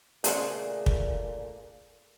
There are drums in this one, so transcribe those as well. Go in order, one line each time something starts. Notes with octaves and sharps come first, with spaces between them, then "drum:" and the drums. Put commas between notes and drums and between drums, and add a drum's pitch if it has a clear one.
A#2 C#3 A3 D4 G#4 C5 F#5, drum: hi-hat
drum: kick